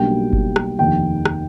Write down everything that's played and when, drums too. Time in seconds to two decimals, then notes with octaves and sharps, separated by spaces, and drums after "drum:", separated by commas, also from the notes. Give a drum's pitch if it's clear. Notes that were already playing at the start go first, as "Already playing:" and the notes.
Already playing: B1 B2 G3 A#3 D4 G5
0.33 drum: kick G1
0.56 drum: rim click
0.79 F1 D#2 D#3 G5
1.25 drum: rim click